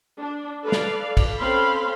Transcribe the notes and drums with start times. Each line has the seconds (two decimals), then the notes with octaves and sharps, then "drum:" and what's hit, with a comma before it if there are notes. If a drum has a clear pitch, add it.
0.19 D4
0.63 A4 B4 D5 F5
0.72 drum: snare
1.17 drum: kick, cymbal
1.39 C4 C#4 A4 F5 B5 C6